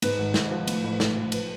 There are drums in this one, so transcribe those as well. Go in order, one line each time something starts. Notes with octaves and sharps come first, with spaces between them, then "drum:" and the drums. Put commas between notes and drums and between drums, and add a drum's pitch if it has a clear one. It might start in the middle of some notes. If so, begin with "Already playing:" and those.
G#2 B4, drum: cymbal
G#1
G#1, drum: snare
F3
A2, drum: cymbal
A1
A1, drum: snare
F3
B4, drum: cymbal